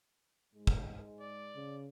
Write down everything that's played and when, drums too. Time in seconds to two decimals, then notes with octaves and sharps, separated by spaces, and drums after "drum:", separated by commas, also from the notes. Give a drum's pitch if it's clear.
0.54 G#2 G#3
0.67 drum: kick
1.20 D5
1.56 C#3